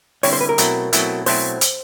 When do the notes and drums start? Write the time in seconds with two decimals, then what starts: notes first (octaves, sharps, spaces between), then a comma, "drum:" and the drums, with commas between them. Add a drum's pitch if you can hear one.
0.23 D3 G3 C4 E4 C#5, drum: open hi-hat
0.33 C5
0.41 B4
0.49 A#4
0.58 B2 F#3 A3 C4 E4, drum: hi-hat
0.93 B2 F#3 A3 C4 E4, drum: hi-hat
1.26 B2 F#3 A3 C4 E4 C5, drum: open hi-hat
1.61 drum: hi-hat